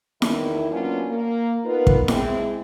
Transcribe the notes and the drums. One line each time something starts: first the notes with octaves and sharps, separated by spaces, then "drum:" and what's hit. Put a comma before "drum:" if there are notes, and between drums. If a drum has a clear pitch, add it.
E2 D#3 E4, drum: snare E4
F#3 A#3 B3 C#4 D4 F4
A#3
B3 D#4 F4 A#4 B4
drum: kick
G#3 C4 E4, drum: snare E4